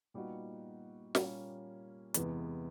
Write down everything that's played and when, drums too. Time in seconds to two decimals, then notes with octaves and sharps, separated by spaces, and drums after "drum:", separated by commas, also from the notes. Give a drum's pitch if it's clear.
0.14 A#2 G3 B3 D#4 F#4
1.15 A#2 G3 A#3 C#4, drum: snare
2.14 E2 C3 E3 G#3 B3, drum: hi-hat